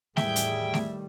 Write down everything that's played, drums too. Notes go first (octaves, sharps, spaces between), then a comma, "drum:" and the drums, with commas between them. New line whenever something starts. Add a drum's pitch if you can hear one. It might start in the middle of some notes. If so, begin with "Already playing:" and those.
E2 A2 D#3 G3 G#4 E5 G5, drum: snare A3
drum: hi-hat
drum: snare A3